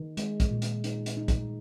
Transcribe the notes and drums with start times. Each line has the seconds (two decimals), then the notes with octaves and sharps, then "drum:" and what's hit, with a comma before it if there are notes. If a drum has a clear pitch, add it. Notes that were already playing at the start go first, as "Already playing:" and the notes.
Already playing: D#3
0.17 G#3, drum: hi-hat
0.40 drum: kick, hi-hat
0.51 A#2
0.62 drum: hi-hat
0.84 D#4, drum: hi-hat
1.06 drum: hi-hat
1.17 D#4
1.28 drum: kick, hi-hat